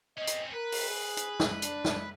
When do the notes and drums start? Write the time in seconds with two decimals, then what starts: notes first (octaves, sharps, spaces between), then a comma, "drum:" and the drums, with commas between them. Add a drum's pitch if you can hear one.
0.18 C4 C#4 D#5
0.27 drum: hi-hat
0.53 A#4 B4
0.72 drum: open hi-hat
0.89 G#4
1.17 drum: hi-hat
1.40 drum: snare
1.62 D4, drum: hi-hat
1.85 drum: snare